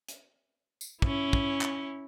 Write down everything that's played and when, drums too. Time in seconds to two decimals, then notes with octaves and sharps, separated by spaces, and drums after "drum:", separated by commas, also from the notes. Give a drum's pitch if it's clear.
0.08 drum: hi-hat
0.81 drum: tambourine
1.02 C#4 E4, drum: kick
1.33 drum: kick
1.61 drum: clap